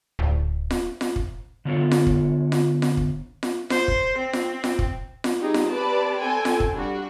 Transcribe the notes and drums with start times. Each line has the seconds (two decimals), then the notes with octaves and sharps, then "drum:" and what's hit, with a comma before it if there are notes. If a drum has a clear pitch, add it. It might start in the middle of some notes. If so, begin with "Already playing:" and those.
0.19 D1
0.71 drum: snare F4
1.01 drum: snare F4
1.16 drum: kick
1.65 D3 A3 B3 F4 A4 C#5
1.91 drum: snare F4
2.07 drum: kick
2.52 drum: snare F4
2.82 drum: snare F4
2.97 drum: kick
3.43 drum: snare F4
3.70 C5, drum: snare F4
3.88 drum: kick
4.18 C4
4.33 drum: snare F4
4.64 drum: snare F4
4.79 drum: kick
5.24 drum: snare F4
5.39 G3 C4 D#4 G4 G#4
5.54 drum: snare F4
5.73 C4 G4 B4 D5 A5 B5
6.19 C4 A4 G5 G#5
6.45 drum: snare F4
6.60 drum: kick
6.73 G3 D4 F#4